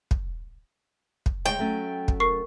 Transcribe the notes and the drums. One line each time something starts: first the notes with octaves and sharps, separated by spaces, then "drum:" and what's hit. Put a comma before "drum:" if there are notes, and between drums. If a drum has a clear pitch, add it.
drum: kick
drum: kick
D2 G#3 C#5 G5
F#3 A3 C#4
drum: kick
A#4 C#6 C7